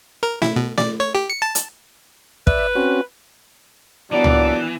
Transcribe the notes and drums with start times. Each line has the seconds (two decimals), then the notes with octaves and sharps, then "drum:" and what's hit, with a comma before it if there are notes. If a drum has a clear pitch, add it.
0.23 A#4
0.42 E4, drum: snare
0.56 B2
0.78 D5, drum: snare
1.00 C#5
1.15 G4
1.30 C#7
1.42 A5
1.55 drum: hi-hat
2.47 B4 D5 E5, drum: kick
2.75 C4 C#4 F#4
4.12 A#2 E3 F#3 B3 D4 D5
4.24 drum: tom C#2